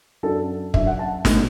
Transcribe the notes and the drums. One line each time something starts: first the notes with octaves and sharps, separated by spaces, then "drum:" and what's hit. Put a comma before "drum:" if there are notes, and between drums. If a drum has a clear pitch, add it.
F#2 F#3 D4 A4
F#2 F#3 D4 E5, drum: kick
F#5
A5
B2 A3 D4, drum: snare